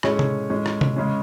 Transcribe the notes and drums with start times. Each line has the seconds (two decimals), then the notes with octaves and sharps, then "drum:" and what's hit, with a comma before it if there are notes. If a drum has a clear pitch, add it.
0.03 A2 G#3 C#4 G#4 C#5, drum: rim click
0.19 drum: tom C3
0.50 A2 G#3 C#4
0.66 drum: rim click
0.81 drum: tom C3
0.96 C#3 G#3 C#4